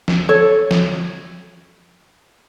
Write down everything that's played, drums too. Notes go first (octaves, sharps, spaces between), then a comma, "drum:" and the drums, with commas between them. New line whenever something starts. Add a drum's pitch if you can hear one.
drum: snare F3
A4 C#5
drum: snare F3